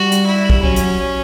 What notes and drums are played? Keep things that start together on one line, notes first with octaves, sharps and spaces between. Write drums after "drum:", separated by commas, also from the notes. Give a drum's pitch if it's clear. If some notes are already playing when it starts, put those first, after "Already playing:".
Already playing: G3 F#4
drum: hi-hat
E4
drum: kick
F#3 C#4
drum: hi-hat